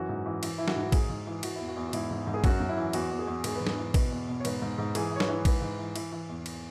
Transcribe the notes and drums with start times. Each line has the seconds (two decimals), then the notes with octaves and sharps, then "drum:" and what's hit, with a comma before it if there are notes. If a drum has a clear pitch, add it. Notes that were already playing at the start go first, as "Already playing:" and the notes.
Already playing: F#2 E3 F#4
0.09 G#2
0.26 E3
0.43 E3, drum: cymbal
0.58 E3 E4
0.68 F#4, drum: snare
0.76 G#2
0.82 F#4
0.92 G#2 G#4, drum: kick, cymbal
1.10 G#2
1.27 E3
1.43 E3 F#4, drum: cymbal
1.56 E2 E4
1.68 F#4
1.76 E2
1.87 F#4
1.93 G#2 E4, drum: cymbal
2.11 G#2
2.27 G#2
2.34 G#4
2.44 F#2 F#4, drum: kick, cymbal
2.60 F#2
2.69 E4
2.77 E3
2.93 E2 F#4, drum: cymbal
3.11 E2
3.19 G#4
3.27 E2
3.44 G#2 G#4, drum: cymbal
3.55 B4
3.61 G#2
3.67 G#4, drum: snare
3.78 E3
3.94 B2 B4, drum: kick, cymbal
4.11 E2
4.28 B2
4.40 C#5
4.45 G#2 B4, drum: cymbal
4.62 G#2
4.78 G#2
4.95 E3 G#4, drum: cymbal
5.11 E3 C#5
5.20 B4, drum: snare
5.29 E3
5.45 G#2 B4, drum: kick, cymbal
5.62 G#2
5.79 E3
5.96 E3, drum: cymbal
6.12 E3
6.29 E2
6.46 drum: cymbal